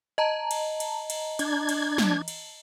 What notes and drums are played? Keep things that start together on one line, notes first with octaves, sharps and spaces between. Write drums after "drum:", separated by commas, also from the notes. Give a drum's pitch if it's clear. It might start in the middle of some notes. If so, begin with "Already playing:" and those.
D#5 A5 A#5
drum: cymbal
drum: cymbal
drum: cymbal
D4 G#6, drum: cymbal
drum: cymbal
drum: snare
drum: cymbal